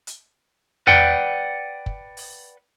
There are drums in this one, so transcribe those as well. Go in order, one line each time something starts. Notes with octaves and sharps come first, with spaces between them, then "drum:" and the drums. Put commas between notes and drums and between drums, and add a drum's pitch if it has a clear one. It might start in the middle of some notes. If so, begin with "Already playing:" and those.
drum: hi-hat
B4 D5 F#5 G5, drum: tom E2
drum: kick
drum: open hi-hat